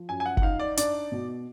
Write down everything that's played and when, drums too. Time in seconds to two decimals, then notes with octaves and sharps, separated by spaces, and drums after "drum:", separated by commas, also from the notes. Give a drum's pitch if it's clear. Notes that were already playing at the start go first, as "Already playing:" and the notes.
Already playing: F3
0.09 F#2 G#5
0.20 G#5
0.26 F#5
0.37 F#5, drum: kick F#1
0.42 D#4 F5
0.60 D5
0.77 D4 D5, drum: hi-hat
1.12 B2